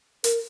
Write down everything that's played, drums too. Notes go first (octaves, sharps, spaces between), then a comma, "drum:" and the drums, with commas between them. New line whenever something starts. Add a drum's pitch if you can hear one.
A#4, drum: hi-hat